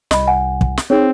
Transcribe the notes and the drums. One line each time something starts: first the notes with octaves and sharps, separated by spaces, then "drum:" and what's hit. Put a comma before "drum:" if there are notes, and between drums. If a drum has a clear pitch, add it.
C2 D#5 B5, drum: snare
F#5 G#5
drum: kick
drum: snare
C4 D#4 G#4 C#5